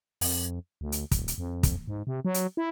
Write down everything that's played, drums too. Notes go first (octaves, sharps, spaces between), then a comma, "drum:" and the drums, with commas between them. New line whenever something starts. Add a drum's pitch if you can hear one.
F2, drum: open hi-hat
D2
drum: hi-hat
D#1, drum: kick, hi-hat
drum: hi-hat
F2
drum: kick, hi-hat
G#2
C3
F#3
drum: hi-hat
E4